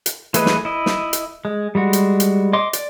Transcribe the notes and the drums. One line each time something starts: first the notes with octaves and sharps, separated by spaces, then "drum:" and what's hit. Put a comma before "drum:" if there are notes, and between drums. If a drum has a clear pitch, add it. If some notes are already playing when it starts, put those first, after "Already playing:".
drum: hi-hat
E3 A3 G#4 B4 D#5, drum: hi-hat
drum: snare
E4 D#5
drum: snare
drum: hi-hat
G#3
G3 G#3 F#4
drum: hi-hat
drum: hi-hat
D#5 C6 D6
D5, drum: hi-hat